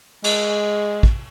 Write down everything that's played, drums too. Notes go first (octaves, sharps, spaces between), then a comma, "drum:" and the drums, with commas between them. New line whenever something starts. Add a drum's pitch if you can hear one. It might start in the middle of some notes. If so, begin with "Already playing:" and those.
G#3, drum: cymbal
drum: kick